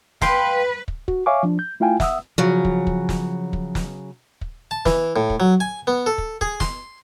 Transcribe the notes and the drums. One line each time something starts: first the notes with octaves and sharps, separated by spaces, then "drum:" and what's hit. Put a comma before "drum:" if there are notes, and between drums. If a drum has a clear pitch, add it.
B4 F5 G5 C6, drum: snare
drum: kick
F#4, drum: kick
C#5 E5 F5 G#5 C#6 D6
F3 D4
G6
A3 E4 F4 F5 G5 G#5
E5 F#5 D#6 E6, drum: snare
C#3 F3 F#3
drum: kick
drum: kick
drum: snare
drum: kick
drum: snare
drum: kick
A5
E3, drum: snare
A2
drum: kick
F#3
G#5
B3
A4
drum: kick
G#4, drum: kick
C6, drum: snare